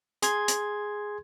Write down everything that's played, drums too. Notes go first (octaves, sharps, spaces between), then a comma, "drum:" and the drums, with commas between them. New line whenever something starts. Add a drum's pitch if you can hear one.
G#4 C6 G#6, drum: hi-hat
drum: hi-hat